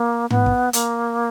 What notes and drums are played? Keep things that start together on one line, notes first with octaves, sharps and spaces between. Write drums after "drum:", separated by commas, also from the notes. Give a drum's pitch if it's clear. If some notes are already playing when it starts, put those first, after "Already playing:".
Already playing: A#3
B3, drum: tom G#2
drum: kick
A#3, drum: hi-hat